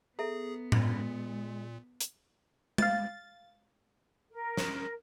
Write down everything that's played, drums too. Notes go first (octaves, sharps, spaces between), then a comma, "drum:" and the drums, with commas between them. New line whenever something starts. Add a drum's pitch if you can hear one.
B3 G#4 A4 E5 A#5
A#2 G#3, drum: tom A2
drum: hi-hat
F5 A6, drum: tom G#3
A#4
drum: snare